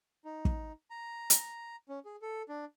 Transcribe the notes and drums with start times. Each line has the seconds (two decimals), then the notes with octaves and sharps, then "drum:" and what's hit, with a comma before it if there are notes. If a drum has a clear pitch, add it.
0.25 D#4
0.45 drum: kick
0.90 A#5
1.30 drum: hi-hat
1.89 C#4
2.05 G#4
2.22 A4
2.49 D4